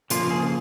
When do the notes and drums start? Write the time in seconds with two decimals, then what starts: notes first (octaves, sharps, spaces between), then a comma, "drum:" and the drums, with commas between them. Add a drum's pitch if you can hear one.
0.10 C#3 F3 A#3 F4, drum: hi-hat
0.31 G#4